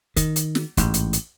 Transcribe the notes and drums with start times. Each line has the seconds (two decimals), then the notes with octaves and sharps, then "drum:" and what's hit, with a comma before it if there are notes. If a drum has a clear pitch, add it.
0.16 D#3, drum: kick, hi-hat
0.36 drum: hi-hat
0.55 drum: snare
0.77 A1 G#2, drum: kick, hi-hat
0.94 drum: hi-hat
1.13 drum: hi-hat